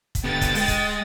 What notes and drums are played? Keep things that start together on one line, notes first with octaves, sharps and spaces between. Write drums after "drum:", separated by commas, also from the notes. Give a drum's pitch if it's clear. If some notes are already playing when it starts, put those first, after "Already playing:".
drum: kick, hi-hat
D3 B3 G5 A6
drum: kick, hi-hat
G#3, drum: open hi-hat
drum: kick, hi-hat